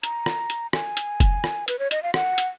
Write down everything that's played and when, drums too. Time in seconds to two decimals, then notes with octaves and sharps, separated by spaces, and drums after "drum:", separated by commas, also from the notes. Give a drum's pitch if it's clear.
0.03 A#5, drum: hi-hat
0.26 drum: rim click
0.50 drum: hi-hat
0.73 G#5, drum: rim click
0.97 drum: hi-hat
1.20 drum: kick F1, hi-hat
1.44 drum: rim click
1.68 B4, drum: hi-hat
1.79 C#5
1.91 D#5, drum: hi-hat
2.03 F5
2.14 F#5, drum: rim click
2.38 drum: hi-hat